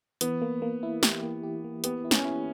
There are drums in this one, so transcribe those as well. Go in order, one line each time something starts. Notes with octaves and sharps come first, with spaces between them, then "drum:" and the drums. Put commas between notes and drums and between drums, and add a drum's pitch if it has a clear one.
E3 B3, drum: hi-hat
A#3
A#3
E4
G4, drum: snare
A#3
G4
A#3
B3 G4, drum: hi-hat
E4
C#4, drum: snare
E4